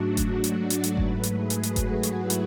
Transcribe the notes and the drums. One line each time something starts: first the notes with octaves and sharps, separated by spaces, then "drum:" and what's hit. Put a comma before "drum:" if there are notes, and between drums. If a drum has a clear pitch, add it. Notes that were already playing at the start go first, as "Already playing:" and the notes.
Already playing: G#2 F#3 A3 D4 F#4
drum: kick F#1, hi-hat
drum: hi-hat
D5
drum: hi-hat
drum: hi-hat
G#2 F#3 A3 B4, drum: kick F#1
drum: hi-hat
G#4
drum: hi-hat
drum: hi-hat
F#4, drum: kick F#1, hi-hat
drum: hi-hat
E4
drum: hi-hat